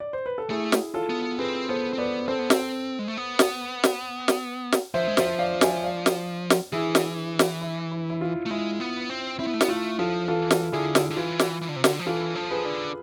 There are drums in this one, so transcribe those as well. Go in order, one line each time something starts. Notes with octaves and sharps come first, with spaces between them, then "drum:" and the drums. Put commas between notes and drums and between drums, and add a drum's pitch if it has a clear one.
D5
C5
B4
A4
A3 E4 G#4
drum: snare
F4 A4
B3
C4 G#4 B4
B3 A4 C5
C4
B3 B4 D5
C4 A4 C5
B3
C4, drum: snare
G#3
A3
B3
drum: snare
drum: snare
drum: snare
drum: snare
F3 C5 E5
G#3
F3 C5 E5, drum: snare
D5 F5
E5 G#5, drum: snare
D5 F5
drum: snare
drum: snare
E3 E4 G#4
drum: snare
drum: snare
E4
E4
E4
F4
A3
G#3 E4
B3
C4
C4 E4
B3
A3
B3, drum: snare
A3 F4
F3 F4 A4
E3 F4 A4
drum: snare
D3 E4 G#4
drum: snare
D3
E3 F4
drum: snare
E3
D3
C3
D3, drum: snare
F3
E3 F4 A4
F3
G#4 B4
D3